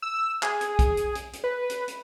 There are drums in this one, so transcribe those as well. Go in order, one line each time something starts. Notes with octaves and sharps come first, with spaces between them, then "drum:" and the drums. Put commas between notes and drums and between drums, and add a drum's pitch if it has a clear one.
E6
G#4, drum: clap
drum: hi-hat
drum: kick, hi-hat
drum: hi-hat
drum: hi-hat
drum: hi-hat
B4
drum: hi-hat
drum: hi-hat